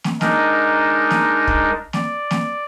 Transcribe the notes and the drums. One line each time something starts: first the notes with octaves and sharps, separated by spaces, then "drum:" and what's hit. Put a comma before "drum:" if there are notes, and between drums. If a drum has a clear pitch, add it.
drum: snare
G#3 D4 D#4 A#4, drum: snare
drum: snare
drum: kick
D5, drum: snare
drum: snare